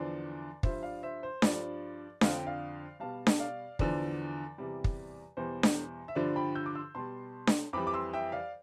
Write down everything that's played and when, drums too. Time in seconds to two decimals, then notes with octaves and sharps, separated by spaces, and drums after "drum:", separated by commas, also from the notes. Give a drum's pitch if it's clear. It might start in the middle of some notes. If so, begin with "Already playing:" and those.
Already playing: E2 D3 F3 D5
0.63 G2 F3 C5 E5, drum: kick
0.83 D5 F5
1.03 C5 E5
1.23 C5
1.42 G2 F3 D5, drum: snare D4
2.21 F2 D3 F3 F5, drum: snare D4
2.33 G5
2.46 D5 F5
3.00 B2 G3 F5 A5
3.27 drum: snare D4
3.39 D5 F5
3.79 E2 D3 F3 D5, drum: kick
4.58 E2 C3 G3
4.84 drum: kick
5.37 E2 B2 G3 C5
5.63 drum: snare D4
6.08 E5
6.15 G2 D3 F3 D5
6.36 G5 B5
6.55 E6 G6
6.66 D6
6.75 C6 E6
6.95 B2 G3 A5 C6
7.47 drum: snare D4
7.73 F2 E3 G3 B5 D6
7.87 D6
7.93 C6 E6
8.13 E5 G5
8.32 D5 F5